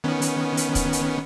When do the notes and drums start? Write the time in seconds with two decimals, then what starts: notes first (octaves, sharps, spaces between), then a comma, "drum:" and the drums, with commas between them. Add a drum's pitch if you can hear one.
0.04 D#3 B3 C#4
0.22 drum: hi-hat
0.57 drum: hi-hat
0.75 drum: kick C#1, hi-hat
0.93 drum: hi-hat